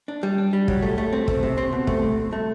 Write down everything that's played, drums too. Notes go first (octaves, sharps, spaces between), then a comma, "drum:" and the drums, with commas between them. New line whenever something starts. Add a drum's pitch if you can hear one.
D4
G3
D4
G3
F#3, drum: kick
A3
A3
C4
A3, drum: kick
C3
C4
B2
A3, drum: kick
C2
C2
A3